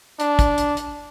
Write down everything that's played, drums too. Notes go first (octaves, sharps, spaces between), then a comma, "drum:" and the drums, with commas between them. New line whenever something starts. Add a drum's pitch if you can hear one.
D4, drum: hi-hat
drum: kick, hi-hat
drum: hi-hat
drum: hi-hat